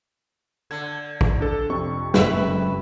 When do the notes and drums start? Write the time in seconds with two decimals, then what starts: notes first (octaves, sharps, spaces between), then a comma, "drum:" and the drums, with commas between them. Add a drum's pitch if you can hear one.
0.71 D3 G#6
1.21 drum: kick
1.40 D4 A4
1.70 F2 C3 C#6
2.14 F#1 F#2 G#3 B4 E5, drum: snare